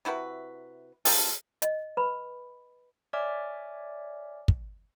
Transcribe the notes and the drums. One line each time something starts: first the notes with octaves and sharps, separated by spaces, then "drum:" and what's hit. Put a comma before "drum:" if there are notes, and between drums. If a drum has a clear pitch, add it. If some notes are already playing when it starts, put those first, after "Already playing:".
C3 E4 F#4 B4
C4 F4 G#4 A4, drum: open hi-hat
D#5, drum: hi-hat
B4 B5
C#5 D5 E5 G#5 D6 F6
drum: kick